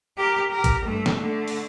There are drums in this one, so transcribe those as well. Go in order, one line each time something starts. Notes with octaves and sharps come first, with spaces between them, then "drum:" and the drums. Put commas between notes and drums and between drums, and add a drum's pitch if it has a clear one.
G4 A#4
G4 A#4
drum: kick, hi-hat
G2 A3
drum: snare
D3 A3
drum: open hi-hat